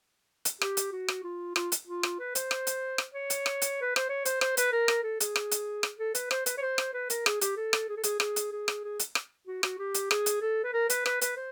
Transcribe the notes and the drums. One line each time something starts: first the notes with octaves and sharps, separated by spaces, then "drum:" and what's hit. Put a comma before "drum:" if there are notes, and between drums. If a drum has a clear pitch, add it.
drum: hi-hat
G4, drum: rim click
drum: hi-hat
F#4
drum: rim click
F4
F4, drum: rim click
drum: hi-hat
F4
drum: rim click
B4
C5, drum: hi-hat
drum: rim click
drum: hi-hat
drum: rim click
C#5
drum: hi-hat
drum: rim click
drum: hi-hat
B4
C5, drum: rim click
C#5
C5, drum: hi-hat
C5, drum: rim click
B4, drum: hi-hat
A#4
drum: rim click
A4
G#4, drum: hi-hat
drum: rim click
drum: hi-hat
drum: rim click
A4
B4, drum: hi-hat
C5, drum: rim click
B4, drum: hi-hat
C#5
C5
drum: rim click
B4
A#4, drum: hi-hat
G#4, drum: rim click
G4, drum: hi-hat
A4
drum: rim click
G#4
A4
G#4, drum: hi-hat
G#4, drum: rim click
drum: hi-hat
G#4
drum: rim click
G#4
drum: hi-hat
drum: rim click
F#4
F#4, drum: rim click
G4
drum: hi-hat
G#4, drum: rim click
drum: hi-hat
A4
B4
A#4
B4, drum: hi-hat
B4, drum: rim click
B4, drum: hi-hat
C5